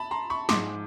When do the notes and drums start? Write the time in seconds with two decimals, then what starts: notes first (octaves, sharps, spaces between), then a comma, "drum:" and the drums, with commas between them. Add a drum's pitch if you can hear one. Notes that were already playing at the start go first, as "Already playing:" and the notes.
Already playing: A5 B5
0.11 A#5 C6
0.30 B5 C#6
0.49 G#2 F3 G#3 C6 D6, drum: snare